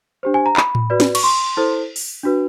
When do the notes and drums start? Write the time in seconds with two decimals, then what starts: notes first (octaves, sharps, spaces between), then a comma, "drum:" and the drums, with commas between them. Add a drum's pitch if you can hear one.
0.23 D4 G4 C5
0.34 G#5
0.46 A#5
0.57 B5, drum: clap
0.75 drum: tom A2
0.90 F#4 B4 D5
1.00 drum: snare
1.15 C#6, drum: cymbal
1.23 C6
1.57 E4 A4 C5
1.96 drum: open hi-hat
2.23 D4 F#4 B4